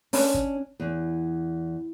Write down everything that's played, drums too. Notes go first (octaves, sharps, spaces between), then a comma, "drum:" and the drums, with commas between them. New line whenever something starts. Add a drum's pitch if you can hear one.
C#4 D4, drum: open hi-hat
drum: kick
E2